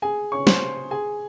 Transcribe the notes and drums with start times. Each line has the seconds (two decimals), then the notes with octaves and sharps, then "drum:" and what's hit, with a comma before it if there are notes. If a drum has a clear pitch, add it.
0.02 G#4 G#5
0.32 C#5 C#6
0.47 C5 C6, drum: snare
0.91 G#4 G#5